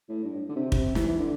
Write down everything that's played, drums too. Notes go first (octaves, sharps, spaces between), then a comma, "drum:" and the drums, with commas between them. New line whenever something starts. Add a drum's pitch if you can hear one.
A2
G2
D3
C3
C3, drum: kick
E3, drum: snare
E3
D3